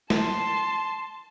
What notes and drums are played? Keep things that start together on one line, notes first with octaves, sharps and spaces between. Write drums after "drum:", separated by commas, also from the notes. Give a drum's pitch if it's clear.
A5 C6, drum: snare